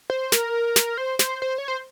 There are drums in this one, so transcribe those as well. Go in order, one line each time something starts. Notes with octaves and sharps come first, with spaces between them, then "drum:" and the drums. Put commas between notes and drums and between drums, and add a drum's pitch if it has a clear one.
C5
A#4, drum: snare
drum: snare
C5
C5, drum: snare
C5
C#5
C5